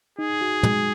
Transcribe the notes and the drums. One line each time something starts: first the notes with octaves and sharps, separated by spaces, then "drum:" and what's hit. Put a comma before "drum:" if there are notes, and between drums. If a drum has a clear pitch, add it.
D#4 G#4
F#4
G#3, drum: tom